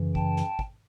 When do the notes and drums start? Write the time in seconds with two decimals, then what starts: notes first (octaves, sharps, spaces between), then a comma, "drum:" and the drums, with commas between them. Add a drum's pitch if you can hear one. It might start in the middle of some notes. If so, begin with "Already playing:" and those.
Already playing: F#2 C#3 E3
0.15 G5 A5, drum: kick
0.37 drum: snare
0.59 drum: kick